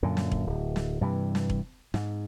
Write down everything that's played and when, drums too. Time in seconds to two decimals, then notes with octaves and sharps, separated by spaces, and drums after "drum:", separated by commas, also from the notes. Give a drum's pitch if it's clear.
0.03 F#2 A#2 D3
0.17 drum: snare
0.32 drum: kick E1
0.46 D1
0.76 drum: snare
1.01 G2 C3 E3
1.35 drum: snare
1.50 drum: kick E1
1.94 G#2, drum: snare